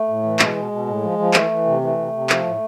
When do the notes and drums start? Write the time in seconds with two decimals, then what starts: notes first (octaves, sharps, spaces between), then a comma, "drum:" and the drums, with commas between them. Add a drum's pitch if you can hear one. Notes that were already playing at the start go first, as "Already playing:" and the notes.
Already playing: A3
0.08 A2
0.23 E3
0.39 B2 G#3, drum: clap
0.55 B2
0.71 B2
0.86 A2
1.02 F3
1.19 F3
1.34 E3 A3, drum: clap
1.51 E3
1.65 C3
1.81 E3 A3
1.98 C3
2.13 C3
2.30 F3, drum: clap
2.45 A2